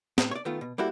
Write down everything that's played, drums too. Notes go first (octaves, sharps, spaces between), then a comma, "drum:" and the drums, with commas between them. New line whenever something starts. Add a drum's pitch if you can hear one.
A2, drum: snare
C#5 D5
D#3 A3 B3 F4
B2
G3 A#3 E4 F#4 A4